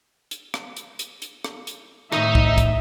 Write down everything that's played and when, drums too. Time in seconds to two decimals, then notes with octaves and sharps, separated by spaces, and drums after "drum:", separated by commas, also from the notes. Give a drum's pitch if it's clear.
0.31 drum: hi-hat
0.54 drum: rim click
0.77 drum: hi-hat
0.99 drum: hi-hat
1.22 drum: hi-hat
1.44 drum: rim click
1.67 drum: hi-hat
2.12 A2 D#3 D#4 D#5 E5, drum: rim click
2.35 drum: kick
2.58 drum: kick, hi-hat